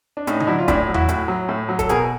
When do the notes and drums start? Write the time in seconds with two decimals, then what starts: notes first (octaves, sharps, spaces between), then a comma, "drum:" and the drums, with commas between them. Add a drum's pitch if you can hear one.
0.17 D4
0.27 A2 C#4 D#4, drum: hi-hat
0.40 D#4, drum: tom D3
0.47 F#3 D4 E4
0.59 F4
0.68 A2 D4 E4, drum: kick, hi-hat
0.88 F#3
0.94 E4 F#4, drum: tom E2
1.09 A2, drum: hi-hat
1.28 F#3
1.49 A2
1.69 F#3
1.79 A4, drum: kick, hi-hat
1.89 B2 G#4 A#4, drum: hi-hat